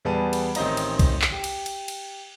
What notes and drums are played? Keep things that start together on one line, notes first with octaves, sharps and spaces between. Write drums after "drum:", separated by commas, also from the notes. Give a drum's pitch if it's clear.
E2 G3 B3 G#4 A5 D#7
drum: cymbal
A1 D#3 C4 D#4 D#5 A#5, drum: cymbal
drum: cymbal
drum: kick, cymbal
drum: clap
G4
drum: cymbal
drum: cymbal
drum: cymbal